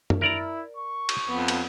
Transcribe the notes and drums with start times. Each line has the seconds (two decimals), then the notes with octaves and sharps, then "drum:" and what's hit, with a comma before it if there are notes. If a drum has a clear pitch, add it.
0.10 drum: tom
0.21 E4 A#4 D5 A#5
0.77 C#6
1.09 drum: cymbal
1.29 F2 B3
1.48 drum: cymbal